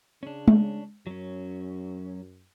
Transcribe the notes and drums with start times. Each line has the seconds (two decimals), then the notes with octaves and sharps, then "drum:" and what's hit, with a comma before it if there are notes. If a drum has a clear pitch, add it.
0.23 C#3 C#4 D4
0.48 drum: tom G#3
1.07 F#2 F#3 C#4